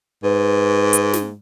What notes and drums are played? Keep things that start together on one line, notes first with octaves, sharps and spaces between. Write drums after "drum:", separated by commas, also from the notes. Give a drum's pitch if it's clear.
G#2 B4
drum: hi-hat
drum: snare